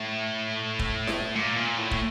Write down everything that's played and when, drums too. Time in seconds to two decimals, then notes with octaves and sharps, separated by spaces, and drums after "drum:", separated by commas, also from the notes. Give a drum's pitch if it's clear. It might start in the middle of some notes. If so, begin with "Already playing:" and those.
Already playing: A2
0.79 drum: kick
1.07 drum: snare E4
1.35 A#2
1.56 A#2
1.77 A2
1.91 drum: kick